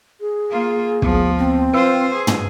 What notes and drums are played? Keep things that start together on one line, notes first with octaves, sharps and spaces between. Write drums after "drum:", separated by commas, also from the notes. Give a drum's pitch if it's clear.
G#4
A#3 F4
D2 F3 B3, drum: kick
C4
F4 B4 C5 E6
G#4
drum: tom